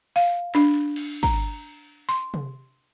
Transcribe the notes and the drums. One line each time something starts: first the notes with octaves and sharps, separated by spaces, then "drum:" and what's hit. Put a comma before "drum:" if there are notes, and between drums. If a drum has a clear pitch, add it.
F5
D4, drum: clap
drum: cymbal
A#5, drum: kick
C6
drum: tom C3